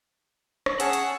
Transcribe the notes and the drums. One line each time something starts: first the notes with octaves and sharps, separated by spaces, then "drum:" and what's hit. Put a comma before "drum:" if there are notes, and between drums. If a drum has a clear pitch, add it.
drum: rim click
C#4 G#4 C#5 F#5 A5 E6, drum: hi-hat
drum: hi-hat